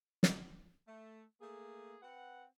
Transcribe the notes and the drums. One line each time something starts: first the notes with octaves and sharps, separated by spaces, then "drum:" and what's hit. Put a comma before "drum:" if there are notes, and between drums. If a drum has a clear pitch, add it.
drum: snare
A3
A3 A#3 G#4
C4 B4 F#5